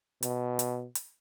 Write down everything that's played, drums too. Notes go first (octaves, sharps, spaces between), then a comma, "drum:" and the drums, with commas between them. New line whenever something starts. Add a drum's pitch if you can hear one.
B2, drum: hi-hat
drum: hi-hat
drum: hi-hat